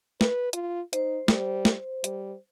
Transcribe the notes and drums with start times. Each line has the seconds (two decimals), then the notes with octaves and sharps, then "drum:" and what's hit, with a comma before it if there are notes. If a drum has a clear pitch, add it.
0.21 B4, drum: snare
0.53 F4, drum: hi-hat
0.93 D#4 C5, drum: hi-hat
1.28 G3, drum: snare
1.65 drum: snare
2.04 G3, drum: hi-hat